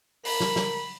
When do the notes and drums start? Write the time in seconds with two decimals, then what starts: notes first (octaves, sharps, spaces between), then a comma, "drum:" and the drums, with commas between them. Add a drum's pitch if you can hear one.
0.25 A#4 B5, drum: open hi-hat
0.40 drum: snare
0.56 drum: snare